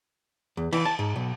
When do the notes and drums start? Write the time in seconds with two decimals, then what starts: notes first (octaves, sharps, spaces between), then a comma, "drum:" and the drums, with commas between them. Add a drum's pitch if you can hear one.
0.57 E2
0.72 E3, drum: cymbal
0.85 A5
0.99 G#2
1.16 B1